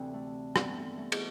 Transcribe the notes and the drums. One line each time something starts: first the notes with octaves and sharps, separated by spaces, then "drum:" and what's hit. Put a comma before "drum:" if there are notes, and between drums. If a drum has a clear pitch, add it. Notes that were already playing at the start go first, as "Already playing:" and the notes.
Already playing: D2 C3 E3 C4 D4
A3
G2 E3 B3, drum: rim click
A3
A3
drum: cymbal